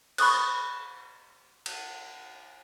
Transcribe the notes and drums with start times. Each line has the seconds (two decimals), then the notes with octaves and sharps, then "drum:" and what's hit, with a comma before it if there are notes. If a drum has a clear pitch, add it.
0.18 B5 C#6 D#6 F#6, drum: cymbal
1.66 drum: cymbal